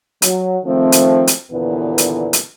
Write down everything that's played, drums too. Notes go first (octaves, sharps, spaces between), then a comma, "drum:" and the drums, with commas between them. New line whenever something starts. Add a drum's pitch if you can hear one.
F#3, drum: hi-hat
D#3 F3 A3 C4
drum: hi-hat
drum: hi-hat
D#2 A#2 D3 E3 B3
drum: hi-hat
drum: hi-hat